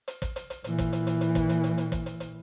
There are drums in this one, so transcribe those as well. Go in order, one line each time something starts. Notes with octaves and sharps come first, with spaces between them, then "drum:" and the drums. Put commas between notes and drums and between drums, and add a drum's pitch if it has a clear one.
drum: hi-hat
drum: kick, hi-hat
drum: hi-hat
drum: hi-hat
A#2 E3, drum: hi-hat
drum: kick, hi-hat
drum: hi-hat
drum: hi-hat
drum: hi-hat
drum: kick, hi-hat
drum: hi-hat
drum: hi-hat
drum: hi-hat
drum: kick, hi-hat
drum: hi-hat
drum: hi-hat